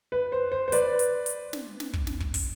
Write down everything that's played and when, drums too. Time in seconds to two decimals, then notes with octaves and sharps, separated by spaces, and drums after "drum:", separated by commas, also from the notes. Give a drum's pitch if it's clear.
0.12 B4
0.32 C5
0.52 C5
0.68 C5
0.72 B4 D5, drum: hi-hat
0.99 drum: hi-hat
1.26 drum: hi-hat
1.53 drum: snare
1.80 drum: snare
1.93 drum: kick
2.07 drum: snare
2.20 drum: kick
2.34 drum: kick, open hi-hat